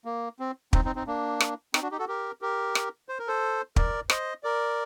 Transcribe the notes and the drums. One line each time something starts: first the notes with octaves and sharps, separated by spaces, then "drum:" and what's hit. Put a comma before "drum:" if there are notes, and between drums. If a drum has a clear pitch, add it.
A#3
C4
C4 D#4, drum: kick
C4 D#4
C4 D#4
A#3 D4
drum: rim click
C4 D#4, drum: rim click
D4 F#4
D#4 G4
F#4 A4
G4 A#4
G4 A#4
drum: rim click
C5
A#4
A4 C5
A#4 D5, drum: kick
C5 D#5, drum: rim click
A#4 D5